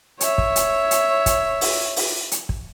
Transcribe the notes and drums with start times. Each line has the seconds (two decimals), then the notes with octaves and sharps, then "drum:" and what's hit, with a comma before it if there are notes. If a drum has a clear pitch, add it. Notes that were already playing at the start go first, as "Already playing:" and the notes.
0.20 C#5 E5, drum: hi-hat
0.38 drum: kick
0.56 drum: hi-hat
0.91 drum: hi-hat
1.26 drum: kick, hi-hat
1.61 drum: open hi-hat
1.96 drum: open hi-hat
2.31 drum: hi-hat
2.49 drum: kick